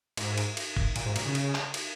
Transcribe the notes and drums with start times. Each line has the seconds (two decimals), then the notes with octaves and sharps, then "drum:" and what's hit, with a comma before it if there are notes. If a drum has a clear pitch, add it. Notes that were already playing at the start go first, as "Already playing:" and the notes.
0.17 G#2, drum: cymbal
0.38 drum: cymbal
0.57 drum: cymbal
0.77 drum: kick
0.96 A#2, drum: cymbal
1.05 G#2
1.16 A#2, drum: cymbal
1.26 C#3
1.35 drum: cymbal
1.54 drum: clap
1.74 drum: cymbal